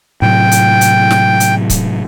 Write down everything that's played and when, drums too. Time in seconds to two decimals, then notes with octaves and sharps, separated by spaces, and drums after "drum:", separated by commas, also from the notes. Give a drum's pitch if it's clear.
0.22 A2 C3 F#3 G5
0.51 drum: hi-hat
0.81 drum: hi-hat
1.11 drum: snare
1.40 drum: hi-hat
1.70 drum: kick C#1, hi-hat